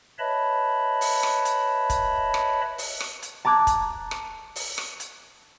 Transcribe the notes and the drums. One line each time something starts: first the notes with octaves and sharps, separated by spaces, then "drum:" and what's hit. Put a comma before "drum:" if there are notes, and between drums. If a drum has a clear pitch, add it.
B4 C#5 D#5 E5 A5 B5
drum: open hi-hat
drum: rim click
drum: hi-hat
drum: kick, hi-hat
drum: rim click
drum: open hi-hat
drum: rim click
drum: hi-hat
A5 A#5 D6 F#6 G#6
drum: kick, hi-hat
drum: rim click
drum: open hi-hat
drum: rim click
drum: hi-hat